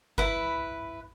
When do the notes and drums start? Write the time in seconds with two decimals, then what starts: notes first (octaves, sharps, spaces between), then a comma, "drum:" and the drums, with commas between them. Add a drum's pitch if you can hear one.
0.18 E4 B4, drum: kick G1